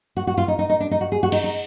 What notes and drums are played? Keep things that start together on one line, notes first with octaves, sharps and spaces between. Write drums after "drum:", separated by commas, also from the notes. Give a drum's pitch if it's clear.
F#4
F#4
F4
D#4
D#4
D#4
D4
D#4
F#4
G#4
F#4
D#4, drum: cymbal
D#4